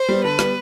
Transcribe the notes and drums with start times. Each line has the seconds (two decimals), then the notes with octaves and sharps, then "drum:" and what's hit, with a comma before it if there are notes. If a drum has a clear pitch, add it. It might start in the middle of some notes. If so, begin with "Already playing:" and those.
Already playing: C5
0.09 G3 B3
0.24 D3 B4
0.39 G3 B3, drum: rim click